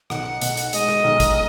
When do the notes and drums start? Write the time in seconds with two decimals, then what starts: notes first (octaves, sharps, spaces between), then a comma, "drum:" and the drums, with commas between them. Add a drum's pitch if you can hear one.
0.10 B1 F#5, drum: rim click
0.41 B2, drum: hi-hat
0.57 drum: hi-hat
0.73 G#3 D#5, drum: hi-hat
0.89 drum: rim click
1.04 B1
1.20 drum: kick G#1, hi-hat